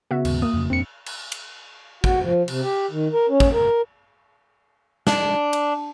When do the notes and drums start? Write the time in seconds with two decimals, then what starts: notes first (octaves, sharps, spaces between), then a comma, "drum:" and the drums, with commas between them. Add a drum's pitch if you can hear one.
0.11 C#3 B3 F#4 E5
0.25 D#2 G#2, drum: cymbal
0.42 A#3 D#6
0.54 F2 C#3
0.70 D#1 F2 C4 D4 C#7
1.06 drum: cymbal
1.32 drum: cymbal
2.04 F#4, drum: kick
2.23 F3
2.48 C3, drum: cymbal
2.62 G4
2.91 D#3
3.13 A#4
3.29 C#4
3.40 drum: kick
3.53 A#4
5.07 D4, drum: snare
5.53 drum: cymbal